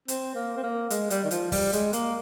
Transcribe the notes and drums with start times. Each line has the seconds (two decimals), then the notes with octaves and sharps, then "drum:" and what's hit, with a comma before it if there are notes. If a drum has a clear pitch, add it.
0.08 C4, drum: hi-hat
0.35 A#3
0.57 C4
0.63 A#3
0.90 G#3, drum: hi-hat
1.10 G3, drum: hi-hat
1.24 D#3
1.31 F3, drum: hi-hat
1.52 G3, drum: kick, open hi-hat
1.73 G#3, drum: hi-hat
1.93 A#3, drum: hi-hat